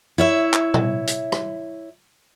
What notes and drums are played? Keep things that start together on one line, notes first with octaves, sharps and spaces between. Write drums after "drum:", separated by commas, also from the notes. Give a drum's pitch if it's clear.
E4 C#5 E5
drum: clap
drum: tom A#2
drum: hi-hat
drum: rim click